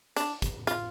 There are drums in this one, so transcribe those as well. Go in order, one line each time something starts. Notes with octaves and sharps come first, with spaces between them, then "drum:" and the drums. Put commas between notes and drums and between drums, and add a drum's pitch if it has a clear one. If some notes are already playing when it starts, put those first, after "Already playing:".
D4, drum: hi-hat
drum: kick, hi-hat
F4, drum: hi-hat